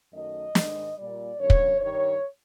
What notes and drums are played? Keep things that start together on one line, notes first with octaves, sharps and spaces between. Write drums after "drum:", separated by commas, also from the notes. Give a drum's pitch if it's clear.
F#2 D#3 F#3 A3 D#5
G#2 D#3 G#3, drum: snare
A#2 G3 D5
F#2 D3 F#3 A3 C#5
drum: kick
G2 D#3 G3 C#5